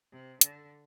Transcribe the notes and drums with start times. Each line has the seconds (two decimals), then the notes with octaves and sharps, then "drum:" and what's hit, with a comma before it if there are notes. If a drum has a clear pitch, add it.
0.12 C3
0.41 D3, drum: hi-hat